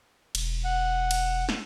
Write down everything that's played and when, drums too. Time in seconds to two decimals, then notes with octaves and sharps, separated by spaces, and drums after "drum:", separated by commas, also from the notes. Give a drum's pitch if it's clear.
0.35 E1, drum: cymbal
0.64 F#5
1.11 drum: cymbal
1.49 drum: snare